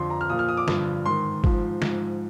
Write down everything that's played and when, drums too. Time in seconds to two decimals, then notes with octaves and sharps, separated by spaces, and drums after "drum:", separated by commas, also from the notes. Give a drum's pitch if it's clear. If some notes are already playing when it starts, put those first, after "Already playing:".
Already playing: F2 D3 F3 C6
0.10 A#5
0.21 F6
0.30 A#2 F3 D#6
0.39 F6
0.49 D#6
0.57 D6
0.68 G2 D3 F3, drum: snare
1.06 G#2 D#3 C6
1.44 G#2 F3, drum: kick
1.82 G#2 F3, drum: snare